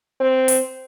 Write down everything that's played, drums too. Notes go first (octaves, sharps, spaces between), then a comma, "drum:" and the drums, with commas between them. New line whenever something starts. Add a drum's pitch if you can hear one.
C4
drum: open hi-hat